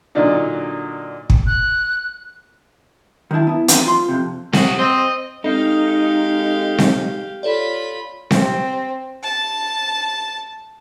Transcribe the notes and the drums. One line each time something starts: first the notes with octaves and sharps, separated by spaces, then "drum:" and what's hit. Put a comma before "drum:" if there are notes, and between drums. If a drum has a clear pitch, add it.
A#2 D3 F#3 D4 D#4
drum: kick
F#6
D#3 F#3 C#4 E4 A5
B3 E4
E3 F#3 A3 B3 C4 D#4, drum: hi-hat
F4 C6
F2 C3
F#4 G#4, drum: snare C4
C4 D#5
G#3 C4 D#4 G4 A4 F5
drum: snare C4
F4 A4 C#5 D5 B5
C4, drum: snare C4
A5